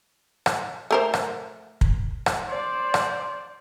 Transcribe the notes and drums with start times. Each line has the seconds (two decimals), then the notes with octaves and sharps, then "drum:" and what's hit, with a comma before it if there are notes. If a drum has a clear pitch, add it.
0.46 drum: rim click
0.91 A3 A#4 C5
1.14 drum: rim click
1.81 drum: kick
2.26 drum: rim click
2.49 C5 D5
2.94 drum: rim click